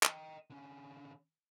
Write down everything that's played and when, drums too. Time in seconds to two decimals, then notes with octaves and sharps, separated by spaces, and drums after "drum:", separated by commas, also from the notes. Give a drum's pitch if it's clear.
0.03 D#5 G5, drum: clap
0.50 D3 C#4